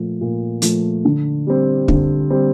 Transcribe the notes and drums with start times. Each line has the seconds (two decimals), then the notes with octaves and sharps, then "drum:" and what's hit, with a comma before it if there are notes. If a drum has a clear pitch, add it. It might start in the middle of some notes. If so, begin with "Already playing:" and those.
Already playing: A#2 F3 A3
0.21 A#2
0.62 F3 A3, drum: hi-hat
1.05 D3
1.47 G3 C4
1.88 D3, drum: kick
2.30 G3 C4